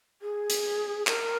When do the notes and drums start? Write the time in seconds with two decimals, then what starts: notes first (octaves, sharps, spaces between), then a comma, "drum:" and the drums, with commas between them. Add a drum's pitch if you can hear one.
0.22 G#4
0.50 drum: hi-hat
1.07 A#4, drum: clap